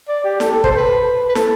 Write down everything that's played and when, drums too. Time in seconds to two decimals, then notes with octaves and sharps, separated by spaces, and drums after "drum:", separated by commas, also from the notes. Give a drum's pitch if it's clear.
0.08 D5
0.24 G4
0.40 A4, drum: snare
0.52 A4
0.64 C5, drum: kick
0.71 A4
0.76 B4
1.29 B4
1.35 A4, drum: snare